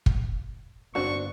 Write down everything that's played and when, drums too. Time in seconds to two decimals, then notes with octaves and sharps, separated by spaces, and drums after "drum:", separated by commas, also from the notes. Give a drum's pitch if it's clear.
0.06 drum: kick
0.95 G1 C4 D4 F#4 C#6